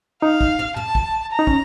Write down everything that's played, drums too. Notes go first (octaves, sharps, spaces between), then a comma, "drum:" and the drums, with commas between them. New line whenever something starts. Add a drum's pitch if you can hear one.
D#4 F5
drum: kick
drum: tom
A5, drum: tom
drum: kick
A#5
D#4
C#4, drum: kick